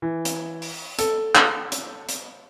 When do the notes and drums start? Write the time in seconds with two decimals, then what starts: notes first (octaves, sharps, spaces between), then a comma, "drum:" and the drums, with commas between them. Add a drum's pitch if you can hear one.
0.02 E3
0.25 drum: hi-hat
0.62 drum: open hi-hat
0.99 A4, drum: hi-hat
1.35 drum: clap
1.72 drum: hi-hat
2.09 drum: hi-hat